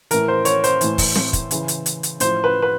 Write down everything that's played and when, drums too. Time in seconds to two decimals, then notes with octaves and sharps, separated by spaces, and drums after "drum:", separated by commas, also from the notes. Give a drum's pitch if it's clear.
0.11 A2 E3 A#4, drum: hi-hat
0.28 C5
0.45 C#5, drum: hi-hat
0.64 C5, drum: hi-hat
0.81 A2 E3, drum: hi-hat
0.98 drum: kick, open hi-hat
1.16 drum: snare C4
1.33 drum: kick, hi-hat
1.51 C#3 E3, drum: hi-hat
1.68 drum: hi-hat
1.86 drum: hi-hat
2.03 drum: hi-hat
2.20 A2 F3 C5, drum: hi-hat
2.44 B4
2.62 B4